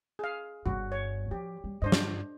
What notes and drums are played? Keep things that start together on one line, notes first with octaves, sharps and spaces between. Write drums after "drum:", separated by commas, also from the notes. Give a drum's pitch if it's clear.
G#4 F5
G1 G2 F#4
C#5
F3 G4
G3
G2 D4 C5 D#5
drum: snare